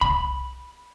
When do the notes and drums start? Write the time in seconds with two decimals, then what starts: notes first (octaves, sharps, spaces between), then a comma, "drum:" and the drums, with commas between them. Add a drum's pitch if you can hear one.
0.01 B5, drum: kick